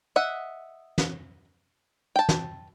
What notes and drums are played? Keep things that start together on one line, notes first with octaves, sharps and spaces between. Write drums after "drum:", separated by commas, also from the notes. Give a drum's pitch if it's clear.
D#5 E5 F#5
drum: snare
G5 A5
drum: snare